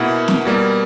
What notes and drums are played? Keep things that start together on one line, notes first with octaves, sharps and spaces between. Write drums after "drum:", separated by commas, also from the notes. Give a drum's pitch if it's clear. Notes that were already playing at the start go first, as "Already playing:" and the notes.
Already playing: B2 A#3 E4 F#5
drum: snare
B2 G3 A#3